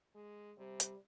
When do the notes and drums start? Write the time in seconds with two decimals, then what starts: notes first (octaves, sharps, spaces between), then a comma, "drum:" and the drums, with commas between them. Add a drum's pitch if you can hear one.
0.15 G#3
0.58 C3 G3
0.80 drum: hi-hat